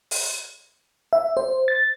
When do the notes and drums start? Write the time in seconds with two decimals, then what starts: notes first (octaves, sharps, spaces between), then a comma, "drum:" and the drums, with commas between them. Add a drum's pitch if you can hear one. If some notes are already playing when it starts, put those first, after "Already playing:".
0.11 drum: open hi-hat
1.13 E5
1.37 C5
1.68 A6